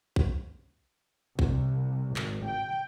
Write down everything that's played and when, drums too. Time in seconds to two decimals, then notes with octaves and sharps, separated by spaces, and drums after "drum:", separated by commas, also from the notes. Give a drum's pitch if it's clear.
0.16 drum: kick
1.39 C2, drum: kick
2.16 G#1, drum: clap
2.46 G5